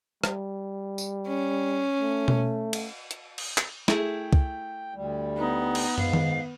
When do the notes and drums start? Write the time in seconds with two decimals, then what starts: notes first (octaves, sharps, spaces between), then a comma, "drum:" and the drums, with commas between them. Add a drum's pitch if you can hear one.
0.24 G3, drum: rim click
0.98 drum: tambourine
1.27 C#4
2.00 A3
2.28 drum: tom B2
2.73 drum: cymbal
3.11 drum: hi-hat
3.38 drum: cymbal
3.58 drum: clap
3.88 A3 E4 G#4 G5, drum: snare
4.33 drum: kick C2
4.94 D2 G3
5.38 B3 D#4
5.75 drum: cymbal
5.98 G#2 F5, drum: tom
6.13 drum: tom D#3